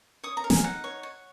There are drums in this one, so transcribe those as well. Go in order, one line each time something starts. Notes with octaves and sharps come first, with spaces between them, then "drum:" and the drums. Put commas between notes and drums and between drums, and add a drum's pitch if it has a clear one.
C#5 D#6
A#5
A#4
G#5, drum: snare
D#4 F#5
C#5
C#5